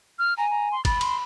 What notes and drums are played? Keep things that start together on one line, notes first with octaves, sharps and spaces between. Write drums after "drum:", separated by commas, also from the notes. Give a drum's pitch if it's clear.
F6
G#5 A#5
A#5
C6
B5 A6, drum: kick, cymbal
C6, drum: cymbal